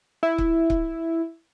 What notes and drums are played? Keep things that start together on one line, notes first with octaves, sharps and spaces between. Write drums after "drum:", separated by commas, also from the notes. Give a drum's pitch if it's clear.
E4
drum: kick C#1
drum: kick C#1